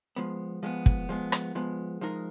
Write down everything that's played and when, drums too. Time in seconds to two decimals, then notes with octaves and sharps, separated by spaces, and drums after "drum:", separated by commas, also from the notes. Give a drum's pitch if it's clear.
0.16 F3 G#3 B3
0.63 F3 G#3 B3
0.86 drum: kick
1.09 F3 G#3 B3
1.32 drum: rim click
1.55 F3 G#3 B3
2.01 F3 G#3 D#4 A#4